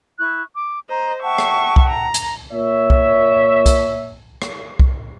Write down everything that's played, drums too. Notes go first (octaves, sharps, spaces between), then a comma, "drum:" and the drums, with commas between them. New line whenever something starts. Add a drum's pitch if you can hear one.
E4 C#6 F#6
D6
C5 D#5 A#5
E5 F#5 G5 A5 C#6
drum: rim click
drum: kick
A#5
drum: hi-hat
A#2 C#5 E5
drum: kick
drum: kick, hi-hat
drum: rim click
drum: kick